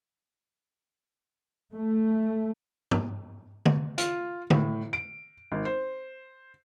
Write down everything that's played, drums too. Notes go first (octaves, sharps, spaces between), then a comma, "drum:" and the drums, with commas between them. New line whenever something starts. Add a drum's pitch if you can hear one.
A3
drum: tom
drum: tom
F4, drum: hi-hat
A2, drum: tom
D7
G#1
C5